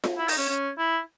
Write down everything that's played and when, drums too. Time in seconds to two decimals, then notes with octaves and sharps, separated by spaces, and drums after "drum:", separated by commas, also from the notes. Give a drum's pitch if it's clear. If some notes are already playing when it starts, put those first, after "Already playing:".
0.04 drum: snare F4
0.18 E4
0.28 D#4, drum: open hi-hat
0.38 C#4
0.49 C#4
0.78 E4